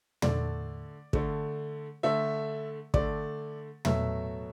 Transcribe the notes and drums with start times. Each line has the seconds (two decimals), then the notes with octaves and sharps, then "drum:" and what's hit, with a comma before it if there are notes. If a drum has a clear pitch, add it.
0.22 D3 A3 D5, drum: tom
1.13 D3 A3, drum: kick
2.03 D3 A3 E5
2.94 D3 A3 D5, drum: kick
3.85 B2 F#3 A3 E5, drum: tom